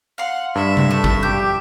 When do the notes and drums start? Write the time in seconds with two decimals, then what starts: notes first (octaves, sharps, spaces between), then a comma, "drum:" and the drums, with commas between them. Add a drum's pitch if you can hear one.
0.18 F5 F#5 C6
0.55 G2 E5
0.77 drum: tom C3
0.91 A3
1.04 drum: kick G1
1.23 G4 G6